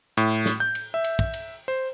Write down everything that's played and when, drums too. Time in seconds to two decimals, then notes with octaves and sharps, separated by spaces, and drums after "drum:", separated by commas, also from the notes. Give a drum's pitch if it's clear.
0.17 A2, drum: cymbal
0.46 drum: snare
0.60 G6
0.75 drum: cymbal
0.94 E5
1.04 drum: cymbal
1.19 drum: kick
1.34 drum: cymbal
1.68 C5